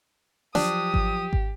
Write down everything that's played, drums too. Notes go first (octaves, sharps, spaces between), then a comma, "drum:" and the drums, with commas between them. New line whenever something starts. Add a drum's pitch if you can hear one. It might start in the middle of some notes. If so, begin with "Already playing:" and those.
F3 F#3 D4 G4 D#6, drum: snare
drum: kick G#1
drum: kick G#1